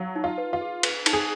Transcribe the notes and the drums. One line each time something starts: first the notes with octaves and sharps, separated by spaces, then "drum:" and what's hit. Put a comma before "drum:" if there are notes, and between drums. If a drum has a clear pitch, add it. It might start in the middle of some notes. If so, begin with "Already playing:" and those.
Already playing: F#3 F5
D#4
F4
B4
F4
G#4
B4, drum: cymbal
D#4, drum: cymbal
G#4